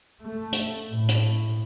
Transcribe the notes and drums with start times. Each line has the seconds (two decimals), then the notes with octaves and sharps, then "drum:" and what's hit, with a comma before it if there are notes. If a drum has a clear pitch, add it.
0.24 A3
0.53 drum: hi-hat
0.90 A2
1.09 drum: hi-hat